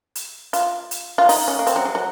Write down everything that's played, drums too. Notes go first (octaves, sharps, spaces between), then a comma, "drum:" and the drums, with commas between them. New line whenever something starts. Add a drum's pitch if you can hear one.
drum: hi-hat
F4, drum: hi-hat
drum: hi-hat
F4
D#4, drum: open hi-hat
C#4
A#3
C4, drum: hi-hat
F#3
G#3
F#3